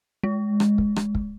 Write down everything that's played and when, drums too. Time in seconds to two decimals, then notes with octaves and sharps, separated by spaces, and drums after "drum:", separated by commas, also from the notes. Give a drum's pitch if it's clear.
0.24 G#3
0.60 drum: rim click
0.78 drum: kick
0.96 drum: rim click
1.15 drum: kick